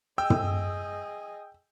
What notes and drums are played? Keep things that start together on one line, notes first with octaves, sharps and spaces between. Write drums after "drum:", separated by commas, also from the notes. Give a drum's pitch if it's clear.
G#4 D#5 G5 E6
drum: tom